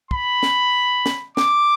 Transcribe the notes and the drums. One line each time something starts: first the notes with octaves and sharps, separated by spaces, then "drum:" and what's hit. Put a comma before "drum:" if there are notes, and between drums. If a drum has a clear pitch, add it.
B5, drum: kick
drum: snare
drum: snare
D6, drum: snare